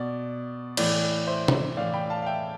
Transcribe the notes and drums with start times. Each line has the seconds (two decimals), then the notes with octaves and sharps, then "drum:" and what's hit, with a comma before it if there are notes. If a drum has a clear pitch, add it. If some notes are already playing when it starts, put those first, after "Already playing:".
Already playing: B2 D5
0.77 A2 E3 D5, drum: cymbal
1.27 C5 E5
1.48 drum: tom
1.77 A2 E3 D5 F5
1.94 G5 B5
2.10 F5 A5
2.22 F5
2.26 E5 G5